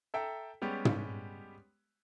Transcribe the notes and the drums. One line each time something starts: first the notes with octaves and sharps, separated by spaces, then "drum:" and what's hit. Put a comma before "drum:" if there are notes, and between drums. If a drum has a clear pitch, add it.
A4 E5 G5 A#5
G3 G#3 B3 C#4 G4
drum: tom